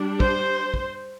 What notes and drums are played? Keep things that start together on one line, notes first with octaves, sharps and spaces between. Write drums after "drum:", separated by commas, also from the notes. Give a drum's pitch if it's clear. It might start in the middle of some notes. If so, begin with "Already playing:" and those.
Already playing: G3 D4
C5, drum: kick
drum: kick